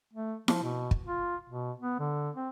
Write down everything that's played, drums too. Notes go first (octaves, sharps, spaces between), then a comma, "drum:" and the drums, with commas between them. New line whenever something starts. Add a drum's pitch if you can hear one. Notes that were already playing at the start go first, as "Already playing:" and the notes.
A3
F3, drum: snare E4
B2
drum: kick
F4
B2
B3
D3
C4